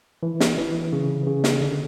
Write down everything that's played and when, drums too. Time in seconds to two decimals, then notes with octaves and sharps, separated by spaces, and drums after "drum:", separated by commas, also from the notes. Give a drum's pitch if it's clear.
0.23 E3
0.40 drum: snare
0.58 E3
0.93 C#3
1.26 C#3
1.44 drum: snare
1.61 D3